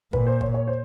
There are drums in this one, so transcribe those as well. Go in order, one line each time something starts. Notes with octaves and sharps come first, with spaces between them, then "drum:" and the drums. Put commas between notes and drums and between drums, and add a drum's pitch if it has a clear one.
A#2 B4, drum: kick
C5
C#5, drum: kick
C#5
C5